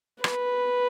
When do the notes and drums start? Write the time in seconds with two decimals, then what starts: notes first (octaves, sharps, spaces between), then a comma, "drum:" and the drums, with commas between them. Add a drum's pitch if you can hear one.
0.24 B4, drum: rim click